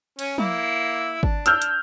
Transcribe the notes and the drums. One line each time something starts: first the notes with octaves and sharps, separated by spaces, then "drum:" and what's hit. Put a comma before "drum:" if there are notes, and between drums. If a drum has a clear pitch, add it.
C#4, drum: cymbal
A#3 E4, drum: tom F3
D4, drum: kick G#1
E6 F6 G6, drum: hi-hat
drum: hi-hat